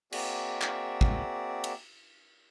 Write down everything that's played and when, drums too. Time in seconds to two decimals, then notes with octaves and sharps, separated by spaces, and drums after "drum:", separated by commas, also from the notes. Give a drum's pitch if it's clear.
0.12 A#3 C4 F#4 G#4 D5 E5, drum: cymbal
0.62 drum: clap
1.01 drum: kick
1.64 drum: cymbal